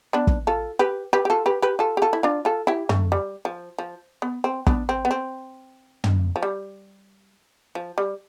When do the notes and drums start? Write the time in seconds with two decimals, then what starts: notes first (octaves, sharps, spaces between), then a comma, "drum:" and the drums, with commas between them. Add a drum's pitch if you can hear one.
0.13 B3 D4
0.27 drum: kick
0.47 F4 A4
0.79 G4 B4
1.13 G4 B4
1.25 G4
1.30 F4 A4
1.46 G4 B4
1.62 G4 B4
1.79 F4 A4
1.97 G4
2.02 F4 A4
2.13 E4
2.23 D4 F4
2.45 F4 A4
2.67 E4 G4
2.89 A3, drum: tom
3.12 G3
3.45 F3
3.79 F3
4.22 B3
4.44 C4
4.67 B3 D4, drum: kick
4.89 C4
5.05 B3
5.11 C4
6.04 drum: tom
6.36 F3
6.43 G3
7.75 F3
7.98 G3